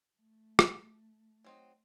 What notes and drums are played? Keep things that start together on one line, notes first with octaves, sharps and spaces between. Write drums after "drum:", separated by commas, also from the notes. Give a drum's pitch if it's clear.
A3
drum: rim click
F#3 C4 D#4